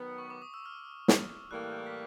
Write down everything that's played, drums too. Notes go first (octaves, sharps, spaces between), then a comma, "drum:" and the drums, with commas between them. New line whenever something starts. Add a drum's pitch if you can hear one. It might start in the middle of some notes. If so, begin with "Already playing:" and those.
Already playing: D#3 F#3 B3
C#6
D6
D#6
E6
F6
drum: snare
A2 E3 G3 A#3 F#6
F#6
G6
B6